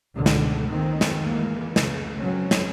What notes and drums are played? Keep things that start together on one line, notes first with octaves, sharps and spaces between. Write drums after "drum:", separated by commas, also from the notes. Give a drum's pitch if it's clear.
C#2 G#2 B2 D3 D#3
drum: snare
D#3 A#3 C4
drum: snare
E3 G#3 A#3
C#3, drum: snare
F#3 C4 C#4
drum: snare